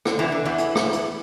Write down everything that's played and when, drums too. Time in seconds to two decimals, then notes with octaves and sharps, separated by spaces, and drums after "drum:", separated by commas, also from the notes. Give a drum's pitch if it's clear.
0.05 D3, drum: rim click
0.19 E2 E3
0.32 D3
0.45 E2 E3
0.58 drum: hi-hat
0.75 drum: rim click
0.93 drum: hi-hat